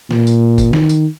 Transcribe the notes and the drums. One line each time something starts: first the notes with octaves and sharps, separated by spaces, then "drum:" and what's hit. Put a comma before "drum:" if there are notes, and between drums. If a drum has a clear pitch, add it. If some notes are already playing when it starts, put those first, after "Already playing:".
A#2, drum: snare
drum: tambourine
drum: kick, tambourine
D#3, drum: snare
drum: tambourine